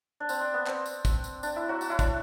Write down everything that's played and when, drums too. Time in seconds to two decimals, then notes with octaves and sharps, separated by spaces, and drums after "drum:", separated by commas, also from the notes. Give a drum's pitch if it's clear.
0.20 D4
0.29 C4, drum: tambourine
0.40 D4
0.54 B3
0.67 C4, drum: clap
0.86 drum: tambourine
1.05 drum: kick, tambourine
1.24 drum: tambourine
1.43 D4, drum: tambourine
1.56 E4
1.68 F#3 F#4
1.81 F#4, drum: tambourine
1.90 E4
1.99 D4, drum: kick, tambourine